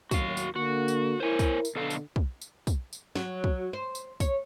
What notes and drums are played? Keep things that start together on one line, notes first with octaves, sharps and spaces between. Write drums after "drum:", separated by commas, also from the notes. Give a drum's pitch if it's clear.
D#2 A2 F#3 F#4 F5, drum: kick, tambourine
drum: tambourine
D3 A#3 F#4
drum: tambourine
E4 A#4 C5 C#5 G#5
drum: kick, tambourine
drum: tambourine
B2 D3 A4 F5
drum: tambourine
drum: kick
drum: tambourine
drum: kick, tambourine
drum: tambourine
F#3, drum: snare
drum: kick
C5
drum: tambourine
C#5, drum: kick, tambourine